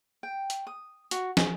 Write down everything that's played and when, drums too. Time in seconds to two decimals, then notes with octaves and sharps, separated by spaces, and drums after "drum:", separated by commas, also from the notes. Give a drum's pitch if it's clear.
0.23 G5
0.50 drum: hi-hat
0.67 D#6
1.11 F#4, drum: hi-hat
1.37 G#4, drum: snare